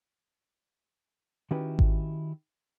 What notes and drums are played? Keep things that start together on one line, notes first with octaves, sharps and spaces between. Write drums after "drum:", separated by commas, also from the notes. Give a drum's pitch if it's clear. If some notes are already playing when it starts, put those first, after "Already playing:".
D#3 C#4 E4 F#4 G4 B4
drum: kick G#1